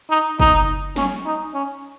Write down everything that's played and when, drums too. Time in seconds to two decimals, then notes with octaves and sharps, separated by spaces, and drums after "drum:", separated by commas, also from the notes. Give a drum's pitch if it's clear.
0.10 D#4
0.40 D#4, drum: kick
0.96 C#4, drum: snare
1.25 D#4
1.54 C#4